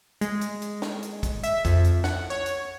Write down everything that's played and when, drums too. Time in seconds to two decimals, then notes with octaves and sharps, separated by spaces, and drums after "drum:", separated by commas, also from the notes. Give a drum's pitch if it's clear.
0.21 G#3, drum: hi-hat
0.41 drum: hi-hat
0.62 drum: hi-hat
0.82 drum: snare
1.03 drum: hi-hat
1.23 drum: kick, hi-hat
1.43 E5, drum: hi-hat
1.65 F2, drum: kick, hi-hat
1.84 drum: hi-hat
2.04 F#5, drum: snare
2.30 C#5
2.46 drum: hi-hat